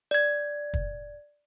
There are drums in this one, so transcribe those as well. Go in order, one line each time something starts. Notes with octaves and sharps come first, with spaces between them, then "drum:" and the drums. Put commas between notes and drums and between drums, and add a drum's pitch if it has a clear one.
D5 G#6
drum: kick